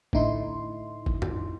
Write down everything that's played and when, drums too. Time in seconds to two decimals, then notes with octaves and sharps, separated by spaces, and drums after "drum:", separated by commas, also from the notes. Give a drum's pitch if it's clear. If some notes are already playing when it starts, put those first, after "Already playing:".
0.13 A2 D3 D#4 E4 C6, drum: kick
1.06 drum: kick
1.22 drum: tom F2